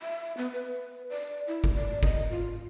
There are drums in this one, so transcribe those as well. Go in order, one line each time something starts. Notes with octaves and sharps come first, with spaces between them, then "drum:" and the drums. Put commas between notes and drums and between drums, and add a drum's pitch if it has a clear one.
E5
B3
B4
D5
E4
drum: kick
D5
D#5, drum: kick
F4